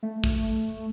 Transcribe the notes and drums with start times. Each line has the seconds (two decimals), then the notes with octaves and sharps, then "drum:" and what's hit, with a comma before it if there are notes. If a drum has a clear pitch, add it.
0.03 A3
0.24 drum: kick